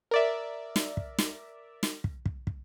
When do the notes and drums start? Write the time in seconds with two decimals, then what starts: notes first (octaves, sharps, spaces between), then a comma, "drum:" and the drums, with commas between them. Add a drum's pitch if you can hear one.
0.11 A#4 D5 E5
0.76 drum: snare
0.97 drum: kick
1.18 drum: snare
1.83 drum: snare
2.04 drum: kick
2.26 drum: kick
2.47 drum: kick